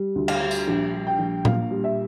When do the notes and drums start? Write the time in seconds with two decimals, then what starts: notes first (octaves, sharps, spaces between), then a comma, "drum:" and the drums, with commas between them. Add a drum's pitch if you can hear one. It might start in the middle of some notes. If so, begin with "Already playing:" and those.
Already playing: G3
0.16 D2
0.28 F5, drum: cymbal
0.41 G3
0.51 drum: tambourine
0.68 A#1
0.94 G3
1.07 G5
1.19 A#1
1.45 A#2 F5, drum: tom A#2
1.71 G3
1.84 E5